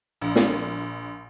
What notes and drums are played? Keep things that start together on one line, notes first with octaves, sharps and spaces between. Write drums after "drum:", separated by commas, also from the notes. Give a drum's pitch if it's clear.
A#1
drum: snare